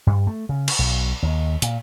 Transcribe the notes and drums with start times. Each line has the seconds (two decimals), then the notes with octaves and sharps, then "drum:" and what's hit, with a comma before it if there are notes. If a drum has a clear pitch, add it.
0.07 G2
0.27 A3
0.49 C#3
0.68 drum: cymbal
0.79 B1
1.23 D#2
1.62 A#2, drum: hi-hat